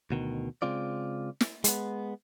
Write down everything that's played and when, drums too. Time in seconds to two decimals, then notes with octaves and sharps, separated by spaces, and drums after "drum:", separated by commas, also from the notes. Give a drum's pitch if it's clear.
0.11 D2 B2 D#3
0.62 C#3 G#3 C4 F4 D5
1.41 drum: snare
1.64 G#3 B3, drum: hi-hat